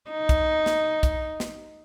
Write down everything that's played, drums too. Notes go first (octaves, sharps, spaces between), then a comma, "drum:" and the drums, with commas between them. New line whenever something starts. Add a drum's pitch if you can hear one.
D#4
drum: kick, hi-hat
drum: snare
drum: kick, hi-hat
drum: snare